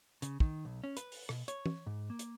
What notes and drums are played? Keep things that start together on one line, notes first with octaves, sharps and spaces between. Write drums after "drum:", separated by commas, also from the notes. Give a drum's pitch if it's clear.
C#3, drum: hi-hat
D#3, drum: kick
B1
C#4
B4, drum: hi-hat
drum: open hi-hat
B2, drum: rim click
C#5, drum: hi-hat
drum: tom E3
G#2
A#3
drum: hi-hat